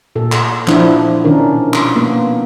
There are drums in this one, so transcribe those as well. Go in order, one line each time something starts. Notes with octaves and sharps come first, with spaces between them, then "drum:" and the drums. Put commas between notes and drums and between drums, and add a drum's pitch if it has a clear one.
A#2 A4
drum: clap
F3 D4 E4, drum: clap
B2 D#3 C#4 D4 A#4
drum: clap
A#3 B3